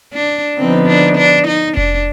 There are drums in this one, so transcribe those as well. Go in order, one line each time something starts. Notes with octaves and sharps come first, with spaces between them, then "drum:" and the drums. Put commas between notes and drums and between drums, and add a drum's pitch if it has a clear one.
D4
D3 F3 B3 C4 D#4 B4
D4
D4
D#4
D4, drum: kick F1